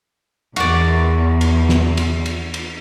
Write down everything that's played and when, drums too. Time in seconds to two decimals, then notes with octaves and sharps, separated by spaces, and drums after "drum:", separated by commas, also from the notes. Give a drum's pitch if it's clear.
0.56 E2 F#4 D5, drum: cymbal
1.41 drum: cymbal
1.69 drum: snare
1.97 drum: cymbal
2.26 drum: cymbal
2.54 drum: cymbal